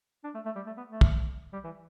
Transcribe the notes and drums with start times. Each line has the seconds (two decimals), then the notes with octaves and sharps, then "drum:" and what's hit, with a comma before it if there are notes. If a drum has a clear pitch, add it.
0.24 D4
0.34 A3
0.45 A3
0.56 G3
0.66 A3
0.77 B3
0.88 A3
1.01 drum: kick
1.53 G3
1.64 E3